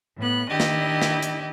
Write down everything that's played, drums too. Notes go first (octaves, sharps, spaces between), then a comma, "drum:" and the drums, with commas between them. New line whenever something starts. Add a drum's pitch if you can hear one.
A2 B3 F#6
D#3 D4 E4 G4 D#5
drum: snare
drum: snare
drum: hi-hat